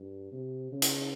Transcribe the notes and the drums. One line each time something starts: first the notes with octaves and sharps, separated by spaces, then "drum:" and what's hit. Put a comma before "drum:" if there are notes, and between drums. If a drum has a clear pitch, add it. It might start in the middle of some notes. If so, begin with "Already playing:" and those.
Already playing: G2
C3
C#3
drum: hi-hat